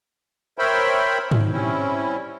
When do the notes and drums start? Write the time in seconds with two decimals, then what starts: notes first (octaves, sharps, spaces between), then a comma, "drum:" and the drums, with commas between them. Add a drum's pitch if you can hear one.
0.58 A#4 C5 C#5 E5 G5 B5
1.31 drum: tom G#2
1.52 G3 C4 C#4 E4